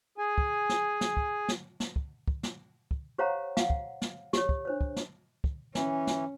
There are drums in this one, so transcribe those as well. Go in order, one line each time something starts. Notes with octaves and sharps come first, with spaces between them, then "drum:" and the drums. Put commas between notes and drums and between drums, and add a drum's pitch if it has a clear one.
G#4 G#5
drum: kick
drum: snare
drum: snare
drum: kick
drum: snare
drum: snare
drum: kick
drum: kick
drum: snare
drum: kick
G4 C5 C#5 F5 F#5 A#5
F5 F#5, drum: snare
drum: kick
drum: snare
G4 C#5, drum: snare
drum: kick
D4 C5 C#5
drum: kick
drum: snare
drum: kick
E3 C#4, drum: snare
drum: snare